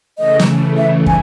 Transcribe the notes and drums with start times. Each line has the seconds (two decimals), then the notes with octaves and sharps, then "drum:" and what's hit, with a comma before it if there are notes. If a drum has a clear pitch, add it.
0.18 C#3 E3 A3 D#5
0.40 drum: snare
0.77 E5
1.06 G#5, drum: kick